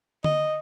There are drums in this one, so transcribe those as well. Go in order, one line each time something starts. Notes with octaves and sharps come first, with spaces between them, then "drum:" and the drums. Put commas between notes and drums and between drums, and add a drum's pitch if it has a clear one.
D#5, drum: tom D3